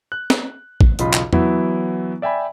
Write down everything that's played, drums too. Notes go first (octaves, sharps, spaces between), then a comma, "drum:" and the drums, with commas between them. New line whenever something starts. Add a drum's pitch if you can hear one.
F#6
drum: snare
drum: kick
B1 E2 C#3 F4 D#5 B5, drum: hi-hat
drum: clap
E3 F#3 B3 E4, drum: tom E2
D5 E5 G5 G#5 B5